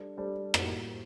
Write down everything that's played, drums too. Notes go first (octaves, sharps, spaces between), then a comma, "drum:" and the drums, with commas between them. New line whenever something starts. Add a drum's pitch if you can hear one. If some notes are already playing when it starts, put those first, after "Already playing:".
Already playing: G3 D4 A4 C5
G3 D4 A4 C5
A2 G3 A#3 F#4 C5, drum: rim click